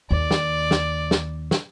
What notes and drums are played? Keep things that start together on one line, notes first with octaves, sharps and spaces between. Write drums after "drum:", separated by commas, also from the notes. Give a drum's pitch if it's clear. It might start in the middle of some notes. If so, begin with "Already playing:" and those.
D#2 D5
drum: snare
drum: snare
drum: snare
drum: snare